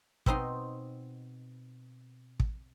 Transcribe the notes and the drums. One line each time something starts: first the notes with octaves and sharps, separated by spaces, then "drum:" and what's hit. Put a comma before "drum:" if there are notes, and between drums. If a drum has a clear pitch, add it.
B2 C4 D#4 C6, drum: kick
drum: kick